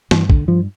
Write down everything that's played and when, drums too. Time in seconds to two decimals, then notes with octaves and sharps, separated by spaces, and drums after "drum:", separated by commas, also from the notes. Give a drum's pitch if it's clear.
0.11 G2 E3, drum: snare
0.30 D3, drum: kick
0.48 G2 F3